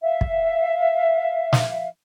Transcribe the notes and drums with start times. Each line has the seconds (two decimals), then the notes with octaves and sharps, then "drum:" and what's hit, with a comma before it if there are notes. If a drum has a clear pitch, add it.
0.02 E5 F5
0.21 drum: kick
1.53 drum: snare